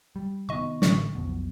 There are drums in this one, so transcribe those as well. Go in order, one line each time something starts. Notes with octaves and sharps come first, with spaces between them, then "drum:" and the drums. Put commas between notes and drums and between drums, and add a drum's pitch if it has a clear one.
G3
C3 D#3 B3 D#5 C#6
A1 D3 C#6, drum: snare
B1 F2 B2